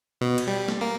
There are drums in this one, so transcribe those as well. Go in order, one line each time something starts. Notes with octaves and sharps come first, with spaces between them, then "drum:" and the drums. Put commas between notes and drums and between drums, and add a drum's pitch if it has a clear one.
B2
drum: cymbal
G3
drum: snare
A#3